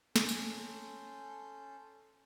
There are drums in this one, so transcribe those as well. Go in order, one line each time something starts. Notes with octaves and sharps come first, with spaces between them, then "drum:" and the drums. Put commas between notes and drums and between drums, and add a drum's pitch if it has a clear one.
C#4 A4 C6 G6, drum: snare
drum: tambourine